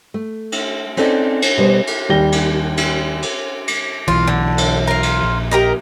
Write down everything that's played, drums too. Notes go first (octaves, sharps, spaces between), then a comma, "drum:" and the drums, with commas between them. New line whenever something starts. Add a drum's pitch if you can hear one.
A3
drum: cymbal
C4 C#4 D#4 A4 A#4 D5, drum: cymbal
drum: cymbal
B2 G3 C5
drum: cymbal
D#2 G3 G5 A#6 G7
drum: cymbal
drum: cymbal
drum: cymbal
drum: cymbal
B1 E3 F4
D3
drum: cymbal
F4 A#4
drum: cymbal
A#1
G4 A#4 D#5